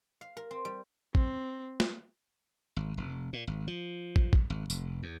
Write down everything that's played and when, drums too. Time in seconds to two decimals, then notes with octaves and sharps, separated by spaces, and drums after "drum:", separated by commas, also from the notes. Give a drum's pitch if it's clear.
0.21 F5
0.37 A#4
0.51 C4
0.65 G3
1.15 C4, drum: kick
1.80 drum: snare
2.76 G#1
2.97 F1
3.33 A#2
3.47 G#1
3.67 F3
4.16 drum: kick
4.33 drum: kick
4.50 G#1
4.70 F1, drum: tambourine
5.03 E2